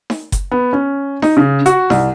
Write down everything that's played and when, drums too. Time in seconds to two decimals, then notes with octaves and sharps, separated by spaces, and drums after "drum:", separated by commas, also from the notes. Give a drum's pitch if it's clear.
0.10 drum: snare D#4
0.32 drum: kick F#1, hi-hat
0.52 B3
0.73 C#4
1.22 D#4, drum: snare D#4
1.37 C#3
1.66 F#4, drum: hi-hat
1.90 C2, drum: snare D#4